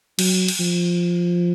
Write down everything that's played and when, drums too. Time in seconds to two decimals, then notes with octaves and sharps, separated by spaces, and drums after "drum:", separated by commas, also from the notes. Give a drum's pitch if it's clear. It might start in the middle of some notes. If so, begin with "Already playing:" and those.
0.19 F#3, drum: cymbal
0.48 drum: cymbal
0.60 F3